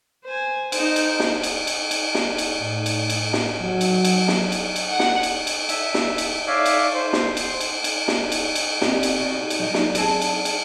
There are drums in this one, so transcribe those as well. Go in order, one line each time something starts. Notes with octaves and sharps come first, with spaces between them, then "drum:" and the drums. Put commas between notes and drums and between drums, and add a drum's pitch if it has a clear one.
C5 G#5
D#4 C5, drum: cymbal
drum: cymbal
drum: snare
drum: cymbal
drum: cymbal
drum: cymbal
drum: snare
drum: cymbal
A2
drum: cymbal
drum: cymbal
drum: snare
F#3
drum: cymbal
drum: cymbal
drum: snare
drum: cymbal
drum: cymbal
F#5
drum: snare
drum: cymbal
drum: cymbal
E5, drum: cymbal
drum: snare
drum: cymbal
C#5 D5 E5 F5
drum: cymbal
C5
drum: snare
drum: cymbal
drum: cymbal
drum: cymbal
drum: snare
drum: cymbal
drum: cymbal
C4 G4 D5 D#5, drum: snare
drum: cymbal
B2
drum: cymbal
F#3 G3 D#4
drum: snare
C4 D4 G#4, drum: cymbal
drum: cymbal
drum: cymbal